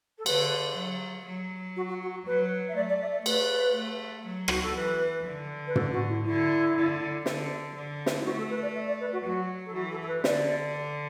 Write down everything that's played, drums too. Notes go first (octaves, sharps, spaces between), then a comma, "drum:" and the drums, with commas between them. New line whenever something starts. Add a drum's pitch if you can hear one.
A4
D3 B4, drum: cymbal
F#3
F#3
F#4
F#4
F#4
F#4
F#3 B4
E5
A3 D5
D5
E5
D5
A3 B4, drum: cymbal
A3
F#3
F#4, drum: rim click
A4
E3 B4
D3
B4
A4, drum: tom
F#4
E4
D3 E4
D3
D3, drum: snare
D3
drum: snare
E4
A3 F#4
A4
B4
D5
E5
D5
B4
F#4
F#3 F#4
A4
E3 F#4
A4
A4
B4
D3 D5, drum: snare